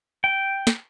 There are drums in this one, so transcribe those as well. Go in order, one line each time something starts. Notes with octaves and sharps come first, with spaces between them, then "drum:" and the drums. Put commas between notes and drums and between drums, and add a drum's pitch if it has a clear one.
G5
drum: snare